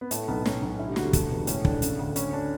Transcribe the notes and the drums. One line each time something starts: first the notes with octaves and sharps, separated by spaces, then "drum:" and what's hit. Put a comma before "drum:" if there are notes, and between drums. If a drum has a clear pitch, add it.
B3
A2 A3, drum: hi-hat
B1 B3
A2 C#4, drum: snare
B1 C#4
D3 E4
G4
D2 F#4, drum: snare
G3
D2 A3, drum: kick, hi-hat
E1 B3
A2 C#4, drum: hi-hat
A1 D4, drum: kick
C#3, drum: hi-hat
D2
D2 C#4, drum: hi-hat
D4